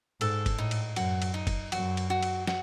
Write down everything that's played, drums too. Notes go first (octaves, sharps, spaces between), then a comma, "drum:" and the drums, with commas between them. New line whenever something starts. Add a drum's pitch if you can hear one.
G#2 A4, drum: cymbal
drum: kick, cymbal
A2 D#4
drum: cymbal
F#2 F#4, drum: cymbal
drum: cymbal
D#4
drum: kick, cymbal
F#2 F#4, drum: cymbal
drum: cymbal
F#4
drum: cymbal
F#4, drum: snare